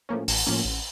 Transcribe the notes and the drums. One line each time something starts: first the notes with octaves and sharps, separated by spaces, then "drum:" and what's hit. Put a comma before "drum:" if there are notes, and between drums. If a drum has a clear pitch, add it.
A2 F3 A#3 C#4
A1, drum: open hi-hat
A2 F3 A#3 C#4
A1